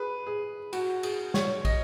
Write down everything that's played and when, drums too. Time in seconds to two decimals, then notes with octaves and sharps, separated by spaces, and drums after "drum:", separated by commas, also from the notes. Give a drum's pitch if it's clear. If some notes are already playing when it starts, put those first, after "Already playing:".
Already playing: G#4 B4
0.27 G#4
0.73 F#4, drum: cymbal
1.03 G#4, drum: cymbal
1.34 C#5, drum: snare
1.65 D#5, drum: kick, cymbal